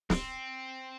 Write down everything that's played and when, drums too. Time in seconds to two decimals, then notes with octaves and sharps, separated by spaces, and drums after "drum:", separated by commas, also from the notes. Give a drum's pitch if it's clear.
0.10 C4, drum: snare